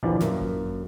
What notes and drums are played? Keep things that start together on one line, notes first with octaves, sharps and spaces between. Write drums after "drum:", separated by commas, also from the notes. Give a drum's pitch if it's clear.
A#1 D#2 E3 F3 D4 A5
F#2 A#3, drum: snare
drum: kick G1